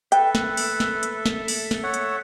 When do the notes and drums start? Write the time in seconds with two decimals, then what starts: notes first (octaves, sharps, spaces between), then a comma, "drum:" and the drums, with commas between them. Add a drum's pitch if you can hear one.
0.12 A4 B4 E5 G5, drum: hi-hat
0.35 drum: snare
0.57 drum: open hi-hat
0.80 drum: snare
1.03 drum: hi-hat
1.26 drum: snare
1.48 drum: open hi-hat
1.71 drum: snare
1.83 C#5 F#5
1.94 drum: hi-hat